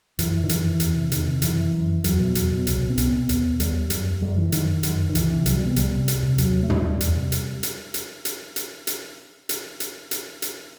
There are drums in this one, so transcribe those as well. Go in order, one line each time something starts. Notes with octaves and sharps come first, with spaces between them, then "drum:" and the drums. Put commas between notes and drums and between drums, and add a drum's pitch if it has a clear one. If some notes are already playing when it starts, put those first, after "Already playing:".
F#2 E3, drum: hi-hat
D#3
F#2 E3, drum: hi-hat
E2, drum: hi-hat
C3
E2 D#3, drum: hi-hat
C3
F#2 E3, drum: hi-hat
F#2
E2 F#3, drum: hi-hat
B2
E2, drum: hi-hat
B2
C2, drum: hi-hat
B2
C4
C2 B3, drum: hi-hat
B2
D#2, drum: hi-hat
D#2 G3, drum: hi-hat
F#2, drum: hi-hat
F#2 G3
E3
F#2 D#3, drum: hi-hat
F#2, drum: hi-hat
D#3
C2 E3, drum: hi-hat
C3
C2 F#3, drum: hi-hat
G3
C3
B3
C2 G3, drum: hi-hat
C3
C2, drum: hi-hat
C3
D#2 F#3, drum: hi-hat
A3
D#2 G3, drum: tom
E2, drum: hi-hat
C3
drum: hi-hat
drum: hi-hat
drum: hi-hat
drum: hi-hat
drum: hi-hat
drum: hi-hat
drum: hi-hat
drum: hi-hat
drum: hi-hat
drum: hi-hat